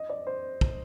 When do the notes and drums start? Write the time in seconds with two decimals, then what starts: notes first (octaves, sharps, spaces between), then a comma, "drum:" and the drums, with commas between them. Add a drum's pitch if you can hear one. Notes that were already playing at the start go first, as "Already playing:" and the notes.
Already playing: D#5
0.10 D5
0.27 C5
0.61 drum: kick